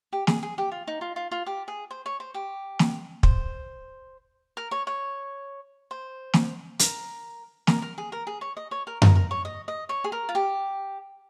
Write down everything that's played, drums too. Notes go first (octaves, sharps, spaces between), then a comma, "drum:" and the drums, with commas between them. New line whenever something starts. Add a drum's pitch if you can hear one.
G4
G#4, drum: snare
G#4
G4
F4
D#4
F4
F4
F4
G4
G#4
C5
C#5
C5
G4
drum: snare
C5, drum: kick
A#4
C#5
C#5
C5
drum: snare
A#4, drum: hi-hat
A#4, drum: snare
A#4
G#4
A#4
G#4
C#5
D#5
C#5
A#4
A#4, drum: tom F#2
A#4
C#5
D#5
D#5
C#5
G#4
A#4
F4
G4